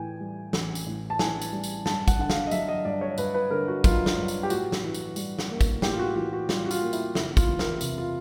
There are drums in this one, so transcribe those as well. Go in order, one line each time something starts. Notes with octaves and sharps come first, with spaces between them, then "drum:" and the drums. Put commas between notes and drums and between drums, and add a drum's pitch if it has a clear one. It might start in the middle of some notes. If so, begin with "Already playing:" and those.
Already playing: A2 E3 G5 G#5
G3
A1, drum: snare
drum: tambourine
A2
A5
E3 G#5, drum: snare
drum: tambourine
G3
drum: tambourine
G2 A5, drum: snare
F#5, drum: kick, tambourine
D3 F#5
F5, drum: snare
D#5
F#3 E5, drum: tambourine
D#5
G2 D5
C#5
G2 B4, drum: tambourine
B4
D3 A#4
F#4
F#3 F4, drum: kick, tambourine
drum: snare
G2
drum: tambourine
G4
A2 F#4, drum: tambourine
drum: snare
E3
drum: tambourine
G3, drum: tambourine
drum: snare
A#3
drum: kick, tambourine
A2 G4, drum: snare
F4
F#4
E3 F#4
F#4
G3 F4, drum: snare
F#4
F4, drum: tambourine
A#3
E4, drum: tambourine
F#1 E4, drum: snare
F4, drum: kick, tambourine
E2
A#4, drum: snare
C3, drum: tambourine
F4